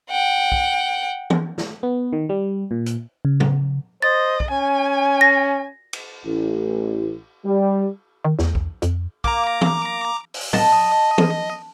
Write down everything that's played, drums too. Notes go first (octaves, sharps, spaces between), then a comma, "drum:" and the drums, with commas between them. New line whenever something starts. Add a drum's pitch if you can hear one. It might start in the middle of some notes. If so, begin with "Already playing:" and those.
F#5 G5
drum: kick
drum: tom
drum: snare
B3
D#3
G3
A#2
drum: hi-hat
C#3
drum: tom
C5 D#5 A6
drum: kick
C#4 G#5
A#6
drum: cymbal
A1
G3
D#3
E2, drum: snare
drum: kick
F2, drum: hi-hat
A#3 A#5 D6, drum: kick
drum: tom
drum: open hi-hat
D#5 A5, drum: tom
drum: tom